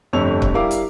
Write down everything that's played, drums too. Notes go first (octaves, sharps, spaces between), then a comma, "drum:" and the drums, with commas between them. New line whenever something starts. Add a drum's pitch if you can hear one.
G1 F2 C3 A3 C#5 F7
drum: kick
G3 E4 A#4 F5 D6
drum: hi-hat